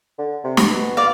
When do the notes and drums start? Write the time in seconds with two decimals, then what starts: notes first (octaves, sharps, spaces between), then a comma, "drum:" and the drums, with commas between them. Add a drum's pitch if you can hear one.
0.18 D3
0.44 C3
0.57 drum: snare
0.71 B2
0.97 D5 F5